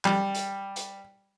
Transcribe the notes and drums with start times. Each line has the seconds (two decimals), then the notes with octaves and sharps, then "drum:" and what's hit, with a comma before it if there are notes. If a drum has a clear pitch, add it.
0.05 G3, drum: clap
0.35 drum: hi-hat
0.76 drum: hi-hat